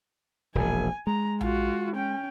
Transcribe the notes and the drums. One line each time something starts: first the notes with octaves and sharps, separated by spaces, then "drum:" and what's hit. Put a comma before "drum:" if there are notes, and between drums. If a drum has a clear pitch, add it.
E1 A#1 G#5
G#3 A#5
F4 F#4, drum: tom A#1
C#4 G5